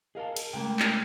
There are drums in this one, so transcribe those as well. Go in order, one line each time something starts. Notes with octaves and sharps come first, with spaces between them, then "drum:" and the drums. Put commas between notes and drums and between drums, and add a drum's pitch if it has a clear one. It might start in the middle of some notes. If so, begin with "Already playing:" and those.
G#4 A#4 D#5 F5 A5
drum: cymbal
C#2 A3 A#3 G5
drum: clap